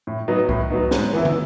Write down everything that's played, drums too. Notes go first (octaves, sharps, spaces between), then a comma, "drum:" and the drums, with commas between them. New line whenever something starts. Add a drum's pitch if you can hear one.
A2
F#3 B3 D#4
A2, drum: kick C2
F#3 B3 D#4
G#2, drum: snare
E3 B3 E4
drum: tom